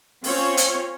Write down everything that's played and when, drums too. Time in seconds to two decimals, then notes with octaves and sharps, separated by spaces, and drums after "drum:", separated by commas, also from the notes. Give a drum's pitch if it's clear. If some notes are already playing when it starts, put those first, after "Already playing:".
0.24 C4 C#4 F4 C#5, drum: open hi-hat
0.57 drum: hi-hat